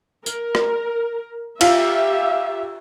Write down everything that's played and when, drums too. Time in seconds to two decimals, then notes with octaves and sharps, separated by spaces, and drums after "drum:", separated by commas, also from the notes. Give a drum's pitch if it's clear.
0.26 A#4, drum: tambourine
0.55 drum: rim click
1.61 F4 G4 E5, drum: cymbal